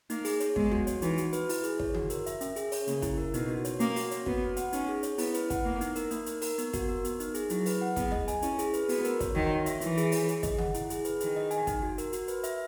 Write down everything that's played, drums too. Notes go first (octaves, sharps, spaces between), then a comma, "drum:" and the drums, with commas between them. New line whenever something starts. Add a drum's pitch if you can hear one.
A#3 D#4, drum: hi-hat
G#4, drum: open hi-hat
C#5, drum: hi-hat
G#3 B3, drum: kick
F#4, drum: tom
C#5, drum: hi-hat
E3 D#4, drum: hi-hat
F#4, drum: hi-hat
B4, drum: hi-hat
E4, drum: open hi-hat
G#4, drum: hi-hat
C#5, drum: kick
F#4, drum: tom D3
A#4, drum: hi-hat
E5, drum: hi-hat
C#4, drum: hi-hat
G#4, drum: hi-hat
C#5, drum: open hi-hat
C#3 A#3, drum: hi-hat
E4, drum: kick, hi-hat
A#4
B2 D#4, drum: hi-hat
F#4
C#5, drum: hi-hat
A#3 C#4, drum: hi-hat
F#4, drum: open hi-hat
C#5, drum: hi-hat
B3 F#4, drum: kick
B4
F#5, drum: hi-hat
C#4 D#4, drum: hi-hat
G#4
C#5, drum: hi-hat
B3 E4, drum: open hi-hat
B4, drum: hi-hat
F#5, drum: kick, hi-hat
A#3 B3
D#4, drum: hi-hat
A#4, drum: hi-hat
A#3, drum: hi-hat
D#4, drum: hi-hat
A#4, drum: open hi-hat
B3, drum: hi-hat
F#4, drum: kick, hi-hat
A#4
B3, drum: hi-hat
D#4, drum: hi-hat
G#4, drum: hi-hat
F#3 E4, drum: hi-hat
B4, drum: open hi-hat
F#5
B3 G#4, drum: kick, hi-hat
D#5, drum: tom
G#5, drum: hi-hat
C#4 E4, drum: hi-hat
G#4, drum: hi-hat
B4, drum: hi-hat
B3 F#4, drum: open hi-hat
A#4, drum: hi-hat
C#5, drum: kick, hi-hat
D#3 F#4, drum: tom
C#5
E5, drum: hi-hat
E3 E4, drum: hi-hat
G#4, drum: hi-hat
C#5, drum: open hi-hat
G#4, drum: hi-hat
D#5, drum: kick, hi-hat
F#5, drum: tom D3
E4, drum: hi-hat
G#4, drum: hi-hat
B4, drum: hi-hat
D#3 G#4, drum: hi-hat
D#5
G#5, drum: hi-hat
D#4, drum: kick, hi-hat
F#4
A#4, drum: hi-hat
F#4, drum: hi-hat
B4, drum: hi-hat
E5, drum: hi-hat